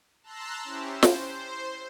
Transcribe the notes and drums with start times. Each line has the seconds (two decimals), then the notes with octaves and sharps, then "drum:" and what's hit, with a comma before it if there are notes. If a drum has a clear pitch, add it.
0.23 A5 A#5 C6 E6 F#6
0.64 C#4 E4 G4 C5
1.03 C5, drum: snare